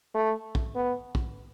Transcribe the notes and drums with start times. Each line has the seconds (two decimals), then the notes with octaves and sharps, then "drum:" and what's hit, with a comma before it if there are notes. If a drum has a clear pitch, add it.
0.15 A3
0.55 drum: kick
0.75 B3
1.15 drum: kick